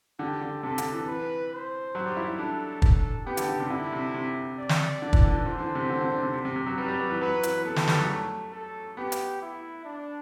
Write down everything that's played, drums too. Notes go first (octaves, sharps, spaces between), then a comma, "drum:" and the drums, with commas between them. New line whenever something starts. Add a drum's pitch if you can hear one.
D3 G4
D3
C3 A4
D3, drum: hi-hat
E3
B4
C5
F#3
G3
E4
E4
D4 A4
drum: kick
B3 G4
D3, drum: hi-hat
D3
C3
D3 E4
C3
C3
D5
drum: snare
D3
E3, drum: kick
D3
E3
E3 C5
D3
C3
D3
D3
D3
C3
C3
C3
C3
F#3
G3 B4
G3
F#3
E3
F#3 B4
E3, drum: hi-hat
B3 A4
B3, drum: snare
G3, drum: snare
F#3
A3
A4
B3 G4
drum: hi-hat
E4
D4